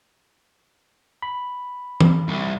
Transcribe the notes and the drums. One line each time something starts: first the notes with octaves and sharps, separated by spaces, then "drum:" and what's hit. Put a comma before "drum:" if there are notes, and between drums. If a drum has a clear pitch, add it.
B5
drum: tom E3
C2